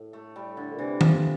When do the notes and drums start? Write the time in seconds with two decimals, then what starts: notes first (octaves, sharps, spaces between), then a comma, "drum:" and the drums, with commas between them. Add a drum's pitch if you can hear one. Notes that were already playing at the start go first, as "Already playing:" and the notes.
Already playing: A2
0.13 A3
0.36 G3
0.57 D3
0.73 A#2
0.79 C3 E3
1.01 F3, drum: tom D#3